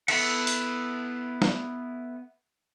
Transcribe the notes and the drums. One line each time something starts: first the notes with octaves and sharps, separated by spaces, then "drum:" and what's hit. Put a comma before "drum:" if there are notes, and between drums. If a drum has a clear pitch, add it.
B3 E4 A4 E5 F#5, drum: cymbal
drum: hi-hat
drum: snare